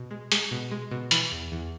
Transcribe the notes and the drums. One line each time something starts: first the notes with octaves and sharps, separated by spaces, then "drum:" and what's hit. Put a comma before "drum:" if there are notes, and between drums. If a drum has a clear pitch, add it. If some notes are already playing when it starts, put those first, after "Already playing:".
Already playing: B2
G#3
G#3, drum: hi-hat
B2
G#3
B2
E3 B5, drum: hi-hat
E2
E2